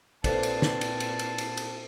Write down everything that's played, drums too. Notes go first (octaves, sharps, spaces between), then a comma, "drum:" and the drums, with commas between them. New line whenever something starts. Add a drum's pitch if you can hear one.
A#2 C4 G4 A4 B4 C5 D5 A5, drum: kick, cymbal
drum: cymbal
drum: snare
drum: cymbal
drum: cymbal
drum: cymbal
drum: cymbal
drum: cymbal